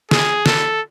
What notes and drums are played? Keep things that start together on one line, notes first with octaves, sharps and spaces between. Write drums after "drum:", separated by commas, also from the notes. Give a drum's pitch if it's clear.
G#4, drum: snare
A4, drum: snare